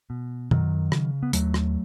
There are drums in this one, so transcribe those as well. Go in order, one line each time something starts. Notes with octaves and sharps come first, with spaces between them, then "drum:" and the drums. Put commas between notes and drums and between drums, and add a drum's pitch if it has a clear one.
B2
F#2 D#3 F#3, drum: tom B2
C#3, drum: rim click
B3
D#2 F#3 A3, drum: hi-hat
drum: rim click